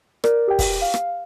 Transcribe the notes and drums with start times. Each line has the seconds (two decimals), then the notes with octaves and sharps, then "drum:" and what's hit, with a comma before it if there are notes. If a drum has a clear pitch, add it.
0.24 A#4 D5, drum: rim click
0.48 G4 G5
0.59 drum: kick, open hi-hat
0.81 F5
0.94 drum: rim click